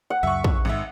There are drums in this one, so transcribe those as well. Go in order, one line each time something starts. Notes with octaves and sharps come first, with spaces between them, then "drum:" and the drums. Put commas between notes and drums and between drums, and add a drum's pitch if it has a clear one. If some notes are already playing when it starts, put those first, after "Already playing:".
F#5
C#2 F#2 E5 C#6
drum: kick
G#1 G#2 E5